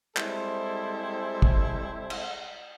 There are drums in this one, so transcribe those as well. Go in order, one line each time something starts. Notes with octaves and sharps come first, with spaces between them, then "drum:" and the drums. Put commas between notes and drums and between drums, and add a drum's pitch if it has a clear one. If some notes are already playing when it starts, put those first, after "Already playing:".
G3 G#3 C4 E4 A4 C5, drum: clap
drum: kick
drum: cymbal